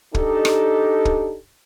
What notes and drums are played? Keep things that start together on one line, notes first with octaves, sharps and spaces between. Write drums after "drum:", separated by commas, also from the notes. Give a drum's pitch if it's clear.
D4 D#4 G4 A4, drum: kick
drum: rim click
drum: kick